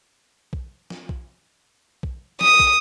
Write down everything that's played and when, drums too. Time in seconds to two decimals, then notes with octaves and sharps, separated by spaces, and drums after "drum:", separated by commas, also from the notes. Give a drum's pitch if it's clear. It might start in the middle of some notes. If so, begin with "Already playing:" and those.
0.53 drum: kick
0.90 drum: snare
1.09 drum: kick
2.03 drum: kick
2.41 D#6, drum: snare
2.60 drum: kick